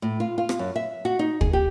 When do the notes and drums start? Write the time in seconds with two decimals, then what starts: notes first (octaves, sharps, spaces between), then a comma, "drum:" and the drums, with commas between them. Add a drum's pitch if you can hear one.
0.02 A2
0.20 F4
0.38 F4
0.49 drum: rim click
0.59 F#2
0.76 E5
1.05 F#4
1.19 D#4
1.41 G#4, drum: kick
1.53 G4